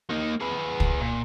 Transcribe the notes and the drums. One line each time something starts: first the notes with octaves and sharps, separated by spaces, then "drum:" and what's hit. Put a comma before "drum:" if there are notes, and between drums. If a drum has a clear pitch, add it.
A#3 D#4
G#4 B4
drum: kick
A#2